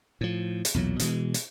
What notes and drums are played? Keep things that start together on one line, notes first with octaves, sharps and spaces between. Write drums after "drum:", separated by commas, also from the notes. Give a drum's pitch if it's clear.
A2 F3
drum: hi-hat
B1 E2 A#2 F#3
B2 E3 G#3, drum: hi-hat
drum: hi-hat